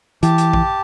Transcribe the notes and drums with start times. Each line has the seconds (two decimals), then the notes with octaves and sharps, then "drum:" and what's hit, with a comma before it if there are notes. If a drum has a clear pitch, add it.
0.23 E3 G4 A5, drum: hi-hat
0.38 drum: hi-hat
0.54 drum: kick A#1